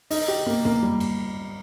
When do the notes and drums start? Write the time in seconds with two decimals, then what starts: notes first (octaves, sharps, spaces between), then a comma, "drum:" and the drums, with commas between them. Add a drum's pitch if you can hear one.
0.11 D#4, drum: open hi-hat
0.28 G4
0.46 A#3
0.65 A#3, drum: tom
0.83 G3
1.00 drum: cymbal